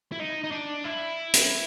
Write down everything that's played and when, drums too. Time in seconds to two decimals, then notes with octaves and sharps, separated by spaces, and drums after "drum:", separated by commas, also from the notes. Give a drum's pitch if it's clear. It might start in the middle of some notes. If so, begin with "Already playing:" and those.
0.12 E4
0.19 D#4
0.44 D#4
0.51 D4
0.84 E4
1.34 drum: hi-hat